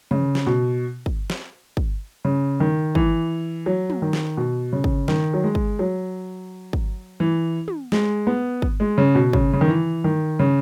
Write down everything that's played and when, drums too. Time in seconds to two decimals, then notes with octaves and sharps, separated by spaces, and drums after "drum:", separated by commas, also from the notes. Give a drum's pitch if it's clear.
0.11 C#3, drum: tom
0.35 drum: snare
0.47 B2
1.06 drum: kick
1.30 drum: snare
1.77 drum: kick
2.25 C#3
2.60 D#3
2.95 E3, drum: kick
3.66 F#3
3.90 drum: tom
4.02 D#3
4.13 drum: snare
4.37 B2
4.73 C#3
4.84 drum: kick
5.08 D#3, drum: snare
5.34 F#3
5.43 G#3
5.55 drum: kick
5.79 F#3
6.73 drum: kick
7.20 E3
7.68 drum: tom
7.92 G#3, drum: snare
8.27 B3
8.62 drum: kick
8.80 G#3
8.98 C#3
9.15 B2
9.33 C#3, drum: kick
9.53 C#3
9.61 D#3
9.68 E3
10.04 D#3
10.39 C#3